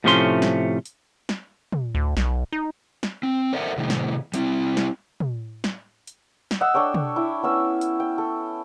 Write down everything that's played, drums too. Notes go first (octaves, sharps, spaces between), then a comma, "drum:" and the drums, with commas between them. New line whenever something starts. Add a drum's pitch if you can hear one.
A2 C3 F3 A3 C#4 C6
drum: snare
drum: hi-hat
drum: snare
drum: tom
D2
B1, drum: snare
D#4
drum: snare
C4
A4 A#4 C5 D5 E5 F#5
A2 C3 D#3
drum: snare
G3 C4 E4, drum: hi-hat
drum: snare
drum: tom
drum: snare
drum: hi-hat
drum: snare
D#5 F#5 E6
D4 A4 C#5 G5
drum: tom
E4 G5
B3 C#4 E6
drum: hi-hat
G5
A4